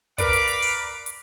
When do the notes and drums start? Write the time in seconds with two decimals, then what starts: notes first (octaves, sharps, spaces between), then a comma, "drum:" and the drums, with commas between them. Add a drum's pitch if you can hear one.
0.18 A#4 B4 D5 F5 B5 D6, drum: kick, hi-hat
0.33 drum: hi-hat
0.48 drum: hi-hat
0.62 drum: open hi-hat
1.06 drum: hi-hat